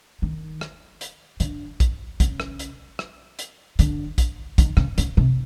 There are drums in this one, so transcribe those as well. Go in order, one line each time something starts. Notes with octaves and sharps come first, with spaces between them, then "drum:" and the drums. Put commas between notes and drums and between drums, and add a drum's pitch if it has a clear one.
D#3
drum: rim click
drum: hi-hat
D3, drum: hi-hat
drum: kick, hi-hat
C#3, drum: kick, hi-hat
drum: rim click
drum: hi-hat
drum: rim click
drum: hi-hat
D3, drum: hi-hat
drum: kick, hi-hat
D#3, drum: kick, hi-hat
C#3, drum: rim click
C#3, drum: hi-hat
C3